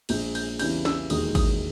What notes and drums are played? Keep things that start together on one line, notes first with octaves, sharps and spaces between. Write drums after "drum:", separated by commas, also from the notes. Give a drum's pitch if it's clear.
A#1 A#2 G#3 G6, drum: cymbal
G6, drum: cymbal
E2 C#3 E3 G3 G6, drum: cymbal
E6, drum: snare
E1 D#2 D#3 G#3 D#6, drum: cymbal
D#6, drum: kick G#1, cymbal